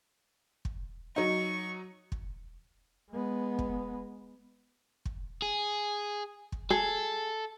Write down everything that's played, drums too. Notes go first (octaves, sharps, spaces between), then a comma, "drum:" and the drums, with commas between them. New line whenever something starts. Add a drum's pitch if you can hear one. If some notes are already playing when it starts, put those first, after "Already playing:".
drum: kick
F#3 D#4 C#6
drum: kick
G#3 B3
drum: kick
drum: kick
G#4
drum: kick
G#4 A4